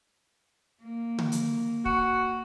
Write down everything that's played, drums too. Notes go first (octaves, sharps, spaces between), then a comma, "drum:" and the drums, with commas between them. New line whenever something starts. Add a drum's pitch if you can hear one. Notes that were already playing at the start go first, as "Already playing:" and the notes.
A#3
drum: tom D3
drum: hi-hat
F#4, drum: kick